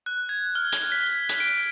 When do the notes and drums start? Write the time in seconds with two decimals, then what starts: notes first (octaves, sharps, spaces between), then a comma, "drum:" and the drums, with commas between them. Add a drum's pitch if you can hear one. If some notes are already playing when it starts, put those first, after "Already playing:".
0.06 F#6
0.29 G#6
0.55 F6
0.72 G7, drum: hi-hat
0.92 B6
1.06 G7
1.29 drum: hi-hat
1.40 D7